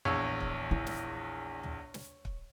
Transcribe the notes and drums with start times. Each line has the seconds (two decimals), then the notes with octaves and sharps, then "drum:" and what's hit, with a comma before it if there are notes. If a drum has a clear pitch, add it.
0.05 A#1 E2 C#5 E6
0.40 drum: kick
0.71 E4
0.86 drum: snare
1.63 drum: tom
1.94 drum: snare
2.25 drum: kick